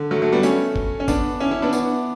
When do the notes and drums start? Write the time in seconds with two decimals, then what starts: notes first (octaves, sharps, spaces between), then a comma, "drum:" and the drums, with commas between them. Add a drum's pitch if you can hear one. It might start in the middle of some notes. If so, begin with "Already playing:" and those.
Already playing: D3
0.11 F#3 A3
0.22 F#3 A3
0.32 G3 B3
0.43 A3 C#4, drum: tambourine
0.76 drum: kick G1
1.00 C#4
1.08 B3 D4, drum: kick G1, tambourine
1.40 C#4 E4
1.51 C#4 E4
1.62 B3 D4
1.73 B3 D4, drum: tambourine